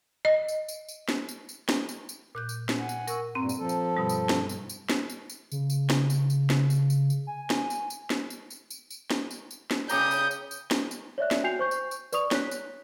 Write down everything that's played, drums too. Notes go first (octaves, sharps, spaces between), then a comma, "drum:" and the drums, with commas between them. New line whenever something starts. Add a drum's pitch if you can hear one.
D#5
drum: tambourine
drum: tambourine
drum: tambourine
drum: snare
drum: tambourine
drum: tambourine
drum: snare
drum: tambourine
drum: tambourine
A#2 F#6 G6
drum: tambourine
drum: snare
F#5 G#5
drum: tambourine
A#4 C#6 E6, drum: tambourine
G2 A#2 C4 A#5
drum: tambourine
F3 A4
drum: tambourine
G2 B2 G3
drum: tambourine
drum: snare
drum: tambourine
drum: tambourine
drum: snare
drum: tambourine
drum: tambourine
C#3, drum: tambourine
drum: tambourine
drum: snare
drum: tambourine
drum: tambourine
drum: snare
drum: tambourine
drum: tambourine
drum: tambourine
G#5
drum: snare
drum: tambourine
drum: tambourine
drum: snare
drum: tambourine
drum: tambourine
drum: tambourine
drum: tambourine
drum: snare
drum: tambourine
drum: tambourine
drum: snare
C#3 G4 A#5 D#6 G6, drum: tambourine
drum: tambourine
drum: tambourine
drum: tambourine
drum: snare
drum: tambourine
C#5 D5 E5 F#6
drum: snare
F#4 G5 G#5 G6 C7 F7
C5 C#6 G6
drum: tambourine
drum: tambourine
B4 D5 C#6 D#6 F7, drum: tambourine
C#5 F#6 B6, drum: snare
drum: tambourine